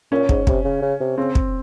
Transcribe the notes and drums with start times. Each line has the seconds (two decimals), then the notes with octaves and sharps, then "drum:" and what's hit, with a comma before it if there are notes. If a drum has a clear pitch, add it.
0.11 A#2 C#4
0.29 G#2, drum: kick
0.47 C3, drum: kick
0.64 C#3
0.82 C#3
1.00 C3
1.17 C#3 C4
1.35 drum: kick